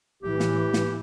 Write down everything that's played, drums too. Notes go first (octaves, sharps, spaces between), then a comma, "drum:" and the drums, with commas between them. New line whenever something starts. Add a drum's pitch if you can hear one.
A2 E3 G4
drum: snare
drum: snare